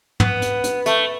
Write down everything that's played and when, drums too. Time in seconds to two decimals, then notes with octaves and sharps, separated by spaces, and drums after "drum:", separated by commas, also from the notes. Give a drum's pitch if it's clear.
0.20 B3, drum: tom
0.42 drum: hi-hat
0.64 drum: hi-hat
0.86 A3, drum: hi-hat